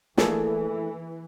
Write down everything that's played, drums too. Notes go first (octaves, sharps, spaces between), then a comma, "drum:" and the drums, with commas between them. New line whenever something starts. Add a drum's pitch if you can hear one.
E3 A3 A#3 D4 G#4 A4, drum: snare